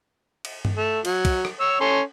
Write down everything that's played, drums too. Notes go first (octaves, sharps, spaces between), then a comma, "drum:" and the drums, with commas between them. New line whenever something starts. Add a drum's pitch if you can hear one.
drum: cymbal
drum: tom G2
A3
F#3, drum: cymbal
drum: kick, cymbal
drum: rim click
C#5 E6
C#4 A4 C6